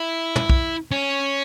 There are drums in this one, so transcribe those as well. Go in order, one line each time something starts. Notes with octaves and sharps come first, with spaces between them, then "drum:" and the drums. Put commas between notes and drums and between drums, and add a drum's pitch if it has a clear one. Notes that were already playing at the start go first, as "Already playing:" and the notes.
Already playing: E4
drum: tom
drum: kick B1
C#4